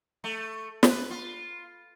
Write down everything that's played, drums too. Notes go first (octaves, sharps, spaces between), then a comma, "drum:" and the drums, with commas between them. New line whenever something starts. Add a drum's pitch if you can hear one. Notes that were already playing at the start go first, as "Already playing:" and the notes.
A3
B4, drum: snare
F4